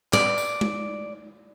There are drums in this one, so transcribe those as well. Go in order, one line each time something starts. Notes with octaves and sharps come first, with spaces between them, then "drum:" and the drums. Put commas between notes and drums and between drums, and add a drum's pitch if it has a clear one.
D5, drum: clap
drum: tambourine
drum: tom